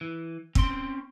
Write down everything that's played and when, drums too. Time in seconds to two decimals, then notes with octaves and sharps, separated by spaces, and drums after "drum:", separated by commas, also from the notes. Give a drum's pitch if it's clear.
0.01 E3
0.55 C4 C#4 C6, drum: kick